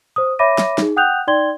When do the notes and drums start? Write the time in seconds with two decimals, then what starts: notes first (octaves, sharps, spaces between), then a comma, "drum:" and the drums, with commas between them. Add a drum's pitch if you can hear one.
0.16 C5 D#6
0.39 C#5 E5 B5 D6 A#6 D#7
0.58 drum: snare
0.78 D#4 G#4, drum: snare
0.97 F#5 G5 D#6 F#6 G6 F7
1.27 D#4 D5 G5 C6 G#6 G7